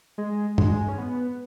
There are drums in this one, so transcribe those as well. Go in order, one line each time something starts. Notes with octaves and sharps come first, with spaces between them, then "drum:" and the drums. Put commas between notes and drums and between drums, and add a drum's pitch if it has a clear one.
G#3
G#3, drum: tom
C#4
B3